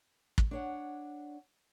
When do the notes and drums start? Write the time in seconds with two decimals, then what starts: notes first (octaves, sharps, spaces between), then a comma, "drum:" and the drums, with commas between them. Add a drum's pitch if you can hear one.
0.38 drum: kick
0.51 D4 C#5 F#5